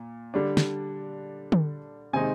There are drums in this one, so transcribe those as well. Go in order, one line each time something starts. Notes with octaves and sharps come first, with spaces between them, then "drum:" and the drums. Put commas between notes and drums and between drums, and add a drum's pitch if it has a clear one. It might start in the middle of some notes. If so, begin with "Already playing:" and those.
Already playing: A#2
D3 G3 D4
drum: snare
drum: tom
C3 D#3 G#3 C4 D#4 G#5